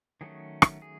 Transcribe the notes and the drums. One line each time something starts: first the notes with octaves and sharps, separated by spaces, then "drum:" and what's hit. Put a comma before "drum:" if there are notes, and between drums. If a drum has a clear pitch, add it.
D#3 F#3 A3 C#4 G#4
drum: rim click
G#4